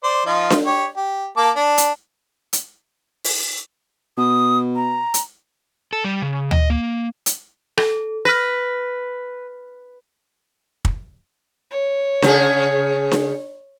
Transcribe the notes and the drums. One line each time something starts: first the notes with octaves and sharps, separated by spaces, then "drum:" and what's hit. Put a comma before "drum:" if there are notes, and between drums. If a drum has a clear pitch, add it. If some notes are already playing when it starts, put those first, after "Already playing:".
C5 D5
F3 D#4 F4
drum: snare D4
G4 C#5
G4
A#3 A5 D6
D4
drum: hi-hat
drum: hi-hat
drum: open hi-hat
B2 D#6
A#5
drum: hi-hat
A4
G3
C#3
D#5, drum: tom D2
A#3
drum: hi-hat
A4, drum: rim click
B4 F6 A#6
drum: kick
C#5
C#3 G#4, drum: snare D4
drum: snare D4